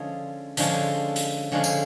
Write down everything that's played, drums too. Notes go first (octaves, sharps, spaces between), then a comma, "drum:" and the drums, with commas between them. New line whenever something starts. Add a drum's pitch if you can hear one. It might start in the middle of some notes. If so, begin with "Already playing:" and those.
Already playing: D3 F3 G#3 C#4 G#4
D3 F3 G#3 C#4, drum: hi-hat
drum: hi-hat
D3 F3 G#3 C#4
drum: tambourine